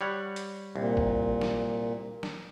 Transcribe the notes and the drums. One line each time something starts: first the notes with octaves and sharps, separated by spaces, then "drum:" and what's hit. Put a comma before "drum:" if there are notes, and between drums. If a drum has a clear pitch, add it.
G3 C#5 F#5
drum: hi-hat
C2 A#2
drum: kick
drum: snare
drum: snare